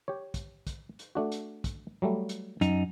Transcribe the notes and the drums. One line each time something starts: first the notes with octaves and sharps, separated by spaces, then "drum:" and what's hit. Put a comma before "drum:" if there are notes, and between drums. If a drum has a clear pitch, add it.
G4 C#5
drum: kick, hi-hat
drum: kick, hi-hat
drum: hi-hat
A3 D4 F#4
drum: hi-hat
drum: kick, hi-hat
F#3 G3 A3
drum: hi-hat
F#2 D#4, drum: hi-hat